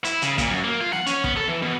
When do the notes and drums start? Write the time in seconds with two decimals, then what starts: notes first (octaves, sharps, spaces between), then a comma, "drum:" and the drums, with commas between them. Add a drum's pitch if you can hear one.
0.04 E4, drum: hi-hat
0.22 C#3, drum: hi-hat
0.38 A#2, drum: kick, hi-hat
0.50 F#2
0.64 A#3
0.81 F4
0.93 F#5, drum: snare
1.06 C#4, drum: hi-hat
1.24 B3, drum: kick
1.37 A4
1.48 E3
1.62 B2